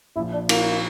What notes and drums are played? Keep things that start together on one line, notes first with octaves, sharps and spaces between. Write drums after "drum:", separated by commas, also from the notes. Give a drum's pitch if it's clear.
A#1 A#2 F3 E4
D4
A#3, drum: cymbal